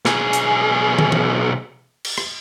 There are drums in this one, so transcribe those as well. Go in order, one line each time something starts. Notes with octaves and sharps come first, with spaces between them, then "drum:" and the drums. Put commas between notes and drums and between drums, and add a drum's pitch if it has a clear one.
B1 G#4, drum: snare
drum: hi-hat
drum: tom
drum: tom E3
drum: cymbal
drum: rim click